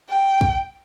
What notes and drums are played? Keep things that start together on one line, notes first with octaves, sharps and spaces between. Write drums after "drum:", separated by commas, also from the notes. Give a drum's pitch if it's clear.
G5
drum: kick